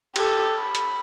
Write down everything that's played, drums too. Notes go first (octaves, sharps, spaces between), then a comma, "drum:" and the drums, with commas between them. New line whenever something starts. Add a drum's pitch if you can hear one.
G4 A4, drum: cymbal
B5
drum: hi-hat